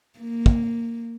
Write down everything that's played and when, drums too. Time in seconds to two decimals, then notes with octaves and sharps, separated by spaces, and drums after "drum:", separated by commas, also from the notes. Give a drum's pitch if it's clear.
0.19 A#3
0.46 drum: kick